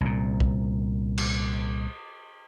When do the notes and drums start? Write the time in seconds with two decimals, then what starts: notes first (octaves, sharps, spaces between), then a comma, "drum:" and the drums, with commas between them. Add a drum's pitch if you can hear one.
0.01 C2 A#2
0.40 drum: kick
1.18 drum: cymbal